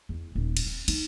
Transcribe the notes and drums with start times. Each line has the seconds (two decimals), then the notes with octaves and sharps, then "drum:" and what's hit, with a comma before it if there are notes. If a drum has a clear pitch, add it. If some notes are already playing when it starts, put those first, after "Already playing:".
0.09 E2
0.35 D#1
0.57 drum: cymbal
0.66 C4
0.88 D#4, drum: cymbal